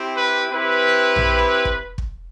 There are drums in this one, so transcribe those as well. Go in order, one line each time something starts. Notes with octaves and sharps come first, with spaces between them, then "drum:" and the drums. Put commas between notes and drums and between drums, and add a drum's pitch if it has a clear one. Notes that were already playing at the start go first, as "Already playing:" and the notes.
Already playing: C4 E4 G4
B4
C4 E4 G4 B4
drum: tom A#1
drum: kick
drum: kick